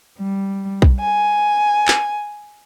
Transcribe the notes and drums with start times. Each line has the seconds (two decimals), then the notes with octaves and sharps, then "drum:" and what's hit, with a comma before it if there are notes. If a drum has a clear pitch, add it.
0.18 G3
0.82 drum: kick B1
1.00 G#5
1.88 drum: clap